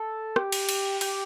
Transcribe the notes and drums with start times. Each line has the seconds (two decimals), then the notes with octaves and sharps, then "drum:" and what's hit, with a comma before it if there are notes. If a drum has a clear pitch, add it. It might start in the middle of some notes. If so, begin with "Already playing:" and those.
Already playing: A4
0.36 G4, drum: rim click
0.52 drum: cymbal
0.69 drum: cymbal
1.01 G4, drum: cymbal